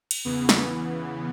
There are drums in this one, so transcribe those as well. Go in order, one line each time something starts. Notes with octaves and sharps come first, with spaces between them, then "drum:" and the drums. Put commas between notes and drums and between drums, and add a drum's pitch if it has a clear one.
drum: cymbal
E2 C#3 E3 B3
drum: snare